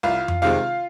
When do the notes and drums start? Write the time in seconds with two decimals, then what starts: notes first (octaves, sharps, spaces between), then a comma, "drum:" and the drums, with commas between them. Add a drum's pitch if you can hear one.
0.03 C2 F4 F5
0.28 drum: tom F2
0.42 C3 D#3 G#3 C4 F4 F5